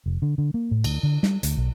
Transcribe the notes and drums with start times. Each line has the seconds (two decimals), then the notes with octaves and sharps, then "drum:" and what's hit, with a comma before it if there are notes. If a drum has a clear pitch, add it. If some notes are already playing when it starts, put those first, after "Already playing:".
0.06 F1
0.22 D3
0.38 D3
0.54 A#3
0.71 A2
0.84 D2, drum: cymbal
1.03 D3
1.23 G3, drum: snare
1.43 D2, drum: hi-hat
1.57 B1